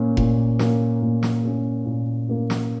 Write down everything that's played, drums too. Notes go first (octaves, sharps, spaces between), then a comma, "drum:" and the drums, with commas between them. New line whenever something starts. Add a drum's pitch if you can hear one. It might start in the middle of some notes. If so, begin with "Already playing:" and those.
Already playing: A#2 A#3 C#4
A#2, drum: kick F1
A#3 C#4, drum: snare
A#2
drum: snare
A#3 C#4
A#2
A#3 C#4
drum: snare